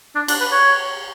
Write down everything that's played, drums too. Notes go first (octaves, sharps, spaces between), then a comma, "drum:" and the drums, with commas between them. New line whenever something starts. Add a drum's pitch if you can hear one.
D4
D4, drum: cymbal
B4
C#5